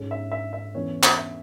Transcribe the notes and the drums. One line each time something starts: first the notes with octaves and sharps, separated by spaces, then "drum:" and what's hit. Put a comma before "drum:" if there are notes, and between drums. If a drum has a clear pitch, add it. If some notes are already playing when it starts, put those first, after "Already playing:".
Already playing: G#2 G#3 C#4
E5
E5
E5
E2 E3 C#4 C#5
drum: clap
E5